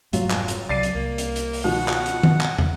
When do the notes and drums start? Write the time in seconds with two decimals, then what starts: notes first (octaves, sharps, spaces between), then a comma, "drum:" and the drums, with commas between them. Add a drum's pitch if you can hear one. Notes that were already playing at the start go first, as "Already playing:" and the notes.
0.13 F1 G#2 F#3 G3 F4, drum: hi-hat
0.31 drum: clap
0.48 drum: hi-hat
0.69 C2 F#3 D5 A6 C7 D#7
0.83 drum: hi-hat
0.95 C2 A#3
1.18 drum: hi-hat
1.36 drum: hi-hat
1.53 drum: open hi-hat
1.64 B2 D#3 F3 F#5
1.88 drum: clap
2.06 drum: hi-hat
2.23 drum: tom D#3
2.41 drum: clap
2.58 drum: tom